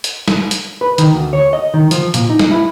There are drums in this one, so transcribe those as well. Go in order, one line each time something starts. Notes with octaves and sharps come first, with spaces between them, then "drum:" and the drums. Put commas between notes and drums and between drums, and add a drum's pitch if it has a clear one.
drum: hi-hat
drum: snare
drum: hi-hat
B4
D#3, drum: hi-hat
D2
C#5
D#5
D#3
F3, drum: hi-hat
A#2, drum: hi-hat
D#4
drum: snare
E4